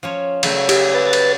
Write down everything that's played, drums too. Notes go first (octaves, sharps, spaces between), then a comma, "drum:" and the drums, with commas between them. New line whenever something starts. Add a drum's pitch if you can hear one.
F3 C#4 C#5
C#3 F#3 A3, drum: cymbal
G4, drum: cymbal
B4 A6
drum: cymbal